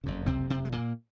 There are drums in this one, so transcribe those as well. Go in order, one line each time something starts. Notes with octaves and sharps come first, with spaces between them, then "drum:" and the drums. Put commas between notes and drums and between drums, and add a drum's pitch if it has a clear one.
F#1 F2 C#3
C3 C4, drum: kick
C3 C4
G#3
A#2 A#3